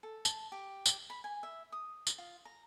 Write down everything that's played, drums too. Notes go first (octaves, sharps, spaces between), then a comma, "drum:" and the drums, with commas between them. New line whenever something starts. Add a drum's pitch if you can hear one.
A4
A5, drum: tambourine
G4
drum: tambourine
B5
G#5
E5
D#6
drum: tambourine
F4
A#5